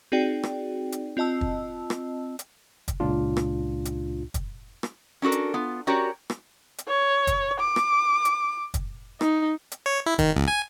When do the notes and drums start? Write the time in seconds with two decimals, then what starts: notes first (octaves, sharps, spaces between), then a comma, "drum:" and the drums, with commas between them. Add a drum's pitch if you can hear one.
0.12 C4 D#4 F#4 G#4 D5 G5
0.43 drum: rim click
0.92 drum: hi-hat
1.17 C4 F4 D#5 A5 E6
1.41 drum: kick
1.90 drum: rim click
2.39 drum: hi-hat
2.88 drum: kick, hi-hat
3.00 C#2 A#2 D4 F4
3.37 drum: rim click
3.85 drum: hi-hat
4.34 drum: kick, hi-hat
4.83 drum: rim click
5.22 C#4 D4 F#4 A4 A#4
5.32 drum: hi-hat
5.54 B3 F4
5.87 C#4 F#4 G4 A#4 C#5 D5
6.30 drum: rim click
6.78 drum: hi-hat
6.88 C#5
7.27 drum: kick, hi-hat
7.60 D6
7.76 drum: rim click
8.25 drum: hi-hat
8.74 drum: kick, hi-hat
9.21 D#4, drum: rim click
9.71 drum: hi-hat
9.86 C#5
10.06 E4
10.18 D#3, drum: kick, hi-hat
10.36 C#2
10.48 G#5